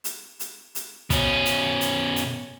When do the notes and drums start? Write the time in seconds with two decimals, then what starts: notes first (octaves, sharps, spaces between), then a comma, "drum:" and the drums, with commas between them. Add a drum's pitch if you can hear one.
0.04 drum: hi-hat
0.40 drum: hi-hat
0.75 drum: hi-hat
1.10 B2 C#4, drum: kick, hi-hat
1.45 drum: hi-hat
1.81 drum: hi-hat
2.16 drum: hi-hat